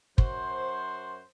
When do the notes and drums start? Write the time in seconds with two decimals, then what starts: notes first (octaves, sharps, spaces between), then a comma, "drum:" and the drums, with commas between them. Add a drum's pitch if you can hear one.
0.18 F#2 F#4 C5, drum: kick